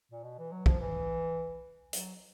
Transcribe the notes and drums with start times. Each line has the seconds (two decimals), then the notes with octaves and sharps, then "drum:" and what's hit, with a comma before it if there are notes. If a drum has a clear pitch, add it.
0.12 A#2
0.24 B2
0.38 E3
0.52 F#3
0.66 F3, drum: kick B1
0.80 E3
1.93 F#3, drum: hi-hat